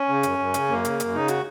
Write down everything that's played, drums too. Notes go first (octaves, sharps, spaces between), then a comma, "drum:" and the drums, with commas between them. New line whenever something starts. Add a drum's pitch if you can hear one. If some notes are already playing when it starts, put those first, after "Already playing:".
Already playing: C#4
C#3
F#2, drum: hi-hat
F#2
C#3, drum: hi-hat
F#2 A#3
C#3, drum: hi-hat
F#2, drum: hi-hat
C#3 D#4
F#4, drum: hi-hat